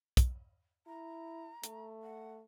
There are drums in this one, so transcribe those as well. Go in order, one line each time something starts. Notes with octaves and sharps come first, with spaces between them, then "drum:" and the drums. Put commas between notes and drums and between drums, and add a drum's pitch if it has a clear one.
drum: kick, hi-hat
E4 A#5
A3, drum: hi-hat
F#5